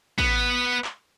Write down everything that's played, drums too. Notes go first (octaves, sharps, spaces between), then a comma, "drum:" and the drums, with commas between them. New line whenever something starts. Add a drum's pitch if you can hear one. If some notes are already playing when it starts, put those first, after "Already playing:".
B3, drum: kick
drum: clap